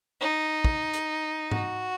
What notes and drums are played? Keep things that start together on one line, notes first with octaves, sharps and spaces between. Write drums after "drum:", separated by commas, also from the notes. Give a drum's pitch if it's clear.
D#4
drum: kick
drum: hi-hat
F#4, drum: tom G#2